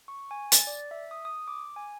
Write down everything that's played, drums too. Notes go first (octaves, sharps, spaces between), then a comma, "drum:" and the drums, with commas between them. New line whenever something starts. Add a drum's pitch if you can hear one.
C#6
G#5
A6, drum: hi-hat
D5
E5
D#6
D#6
D6
G#5